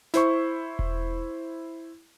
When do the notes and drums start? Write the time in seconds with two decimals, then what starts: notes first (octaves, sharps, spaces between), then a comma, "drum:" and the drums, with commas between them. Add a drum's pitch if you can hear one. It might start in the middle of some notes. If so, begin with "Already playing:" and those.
0.14 E4 C5 C#6, drum: snare
0.79 drum: kick E1